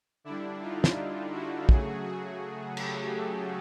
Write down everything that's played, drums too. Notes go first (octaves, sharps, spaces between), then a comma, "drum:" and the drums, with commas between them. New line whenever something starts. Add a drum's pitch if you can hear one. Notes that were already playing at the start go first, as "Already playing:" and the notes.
D3 G3 D4 E4
D#4 F4
drum: snare
E4 F#4
C#3 F#3 A3 F#4 G#4, drum: kick
F#4 G#4
G4 A4, drum: cymbal